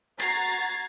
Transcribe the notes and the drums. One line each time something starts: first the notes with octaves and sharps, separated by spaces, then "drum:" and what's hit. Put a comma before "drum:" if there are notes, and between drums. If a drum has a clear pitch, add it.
F#4 A#5 G#6 A6 C7, drum: hi-hat